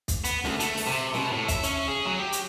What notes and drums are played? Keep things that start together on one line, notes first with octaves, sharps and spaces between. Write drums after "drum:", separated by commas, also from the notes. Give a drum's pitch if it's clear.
drum: kick, hi-hat
B3, drum: hi-hat
D2, drum: snare
A3, drum: hi-hat
drum: open hi-hat
C3
B2, drum: snare
A2
E5, drum: kick, hi-hat
C#4, drum: hi-hat
G#4
F#3
G4
drum: hi-hat